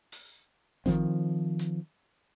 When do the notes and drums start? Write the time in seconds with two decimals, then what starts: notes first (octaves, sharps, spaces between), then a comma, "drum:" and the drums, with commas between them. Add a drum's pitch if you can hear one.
0.12 drum: open hi-hat
0.86 D#3 F3 C4, drum: snare G#1
1.59 drum: hi-hat